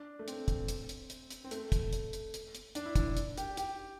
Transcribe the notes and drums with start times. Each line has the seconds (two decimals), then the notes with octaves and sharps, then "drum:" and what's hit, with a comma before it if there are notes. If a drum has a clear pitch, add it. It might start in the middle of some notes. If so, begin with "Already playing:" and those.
Already playing: D4
0.19 A3
0.28 C4, drum: hi-hat
0.48 drum: kick, hi-hat
0.68 drum: hi-hat
0.89 drum: hi-hat
1.10 drum: hi-hat
1.31 drum: hi-hat
1.44 C4
1.51 A3, drum: hi-hat
1.72 drum: kick, hi-hat
1.93 drum: hi-hat
2.13 drum: hi-hat
2.34 drum: hi-hat
2.55 drum: hi-hat
2.75 D4, drum: hi-hat
2.86 E4
2.95 D4, drum: kick, hi-hat
3.17 drum: hi-hat
3.37 G4, drum: hi-hat
3.57 G4, drum: hi-hat